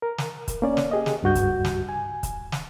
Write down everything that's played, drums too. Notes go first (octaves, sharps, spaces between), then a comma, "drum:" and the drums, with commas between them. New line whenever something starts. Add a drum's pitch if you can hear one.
A#4
drum: snare
drum: kick, hi-hat
A#3 C#4 D5
drum: snare
G4 G#4 D#5
drum: snare
C#2 G2 F#4 G6
drum: kick, hi-hat
drum: snare
G#5
drum: kick, hi-hat
drum: snare